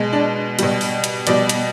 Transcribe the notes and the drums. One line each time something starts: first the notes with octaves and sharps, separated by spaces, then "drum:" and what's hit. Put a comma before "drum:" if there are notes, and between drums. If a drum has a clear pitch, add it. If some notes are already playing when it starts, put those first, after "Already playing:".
Already playing: B2 G#3
D4
B2 G3, drum: hi-hat
drum: open hi-hat
drum: hi-hat
B2 G3 D5, drum: hi-hat
drum: hi-hat